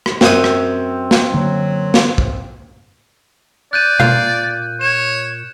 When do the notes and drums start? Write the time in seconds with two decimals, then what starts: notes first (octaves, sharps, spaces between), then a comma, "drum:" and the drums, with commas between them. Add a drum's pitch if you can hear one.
0.06 drum: rim click
0.21 F#2 C4 D#6, drum: snare
0.44 drum: rim click
1.11 drum: snare
1.34 D3 F#3 A#3
1.94 drum: snare
2.18 drum: kick
3.73 D5 F#6 G6 D#7
4.00 A#2 F4 F5, drum: tom B2
4.81 C#5 E7